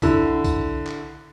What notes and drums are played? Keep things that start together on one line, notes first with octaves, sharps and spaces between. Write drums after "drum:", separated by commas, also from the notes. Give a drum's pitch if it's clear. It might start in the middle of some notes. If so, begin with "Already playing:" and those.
D3 E4, drum: kick B1, tambourine
drum: kick B1, tambourine
drum: clap